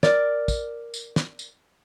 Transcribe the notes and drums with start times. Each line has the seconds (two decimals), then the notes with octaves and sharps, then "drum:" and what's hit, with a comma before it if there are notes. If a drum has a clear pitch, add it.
0.03 A#4 D5, drum: snare
0.48 drum: kick, tambourine
0.94 drum: tambourine
1.16 drum: snare
1.39 drum: tambourine